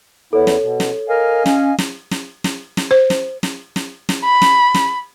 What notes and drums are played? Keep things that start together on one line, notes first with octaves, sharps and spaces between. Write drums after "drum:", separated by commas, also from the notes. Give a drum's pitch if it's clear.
E2 B3 E4 A4 C#5
drum: snare
B2
drum: snare
A#4 D#5 F5 G#5
C#4, drum: snare
drum: snare
drum: snare
drum: snare
drum: snare
C5
drum: snare
drum: snare
drum: snare
drum: snare
B5
drum: snare
drum: snare